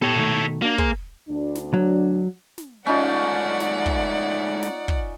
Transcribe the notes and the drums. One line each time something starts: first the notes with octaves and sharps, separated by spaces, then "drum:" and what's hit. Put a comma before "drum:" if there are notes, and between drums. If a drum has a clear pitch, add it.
B3 G4 A4 C#5
B2 D#3 A3
A#3 D4 F#4
G#4 C5, drum: kick
D2 D4
drum: snare
F#3
drum: snare
G#2 A3 C#4 D#4 F4 D5 F#5
drum: snare
drum: kick
drum: snare
drum: kick